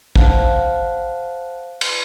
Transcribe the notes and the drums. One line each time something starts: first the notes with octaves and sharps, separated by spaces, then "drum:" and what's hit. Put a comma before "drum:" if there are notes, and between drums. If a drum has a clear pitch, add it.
C5 F5 F#5 A5 F#6, drum: kick
drum: cymbal